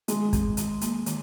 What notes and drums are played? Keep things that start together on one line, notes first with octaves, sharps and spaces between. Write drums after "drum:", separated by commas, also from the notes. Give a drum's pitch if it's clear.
D#3 G#3, drum: hi-hat
C4, drum: kick, hi-hat
D#3, drum: hi-hat
A#3, drum: hi-hat
D#3, drum: hi-hat